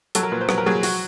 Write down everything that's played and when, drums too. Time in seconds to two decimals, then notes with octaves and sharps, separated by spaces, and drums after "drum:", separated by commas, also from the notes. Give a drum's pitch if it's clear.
0.15 F#3 A4, drum: hi-hat
0.23 A#4
0.32 A#2 B4
0.41 C5
0.49 F#3 B4, drum: rim click
0.58 A#4
0.66 F#3 G#4
0.83 F#4, drum: open hi-hat